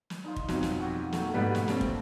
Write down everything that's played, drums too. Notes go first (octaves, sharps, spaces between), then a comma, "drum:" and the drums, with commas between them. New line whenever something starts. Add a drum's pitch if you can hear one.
drum: snare
D#4 F4
drum: kick
F2 B2 F#3, drum: snare
drum: snare
F#4 G4
A3 A#3, drum: snare
G#2 B2 G3 B3
drum: snare
G3 C4 D4, drum: snare
drum: kick